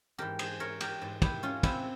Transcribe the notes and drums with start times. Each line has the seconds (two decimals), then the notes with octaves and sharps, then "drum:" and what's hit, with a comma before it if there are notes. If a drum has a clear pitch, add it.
0.18 G#2 E3 G4 A#4
0.39 G#4 C5, drum: cymbal
0.60 A#4 C#5
0.81 G4 A#4, drum: cymbal
1.01 G#2 E3
1.22 E4 G4, drum: kick, cymbal
1.43 C#4 F4
1.63 C4 E4, drum: kick, cymbal